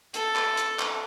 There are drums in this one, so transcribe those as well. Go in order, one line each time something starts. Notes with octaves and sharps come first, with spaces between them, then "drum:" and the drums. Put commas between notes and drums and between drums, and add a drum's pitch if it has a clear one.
A4, drum: hi-hat
drum: clap
drum: hi-hat
drum: clap